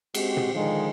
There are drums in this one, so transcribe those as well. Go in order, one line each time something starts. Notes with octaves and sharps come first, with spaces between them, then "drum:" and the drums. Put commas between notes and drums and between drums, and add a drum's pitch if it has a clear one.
G#3 C4 F#4 G4, drum: cymbal
drum: tom
D3 D#3 F3 G#3